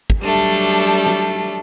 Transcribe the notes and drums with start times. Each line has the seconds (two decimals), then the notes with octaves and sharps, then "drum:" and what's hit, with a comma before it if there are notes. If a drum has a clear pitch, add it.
0.10 drum: kick
0.22 F#3 G3 A3 D4
1.06 drum: snare